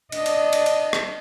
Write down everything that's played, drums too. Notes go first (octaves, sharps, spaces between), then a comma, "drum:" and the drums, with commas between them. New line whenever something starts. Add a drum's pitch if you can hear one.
D4 D#5, drum: cymbal
drum: cymbal
drum: cymbal
drum: cymbal
drum: rim click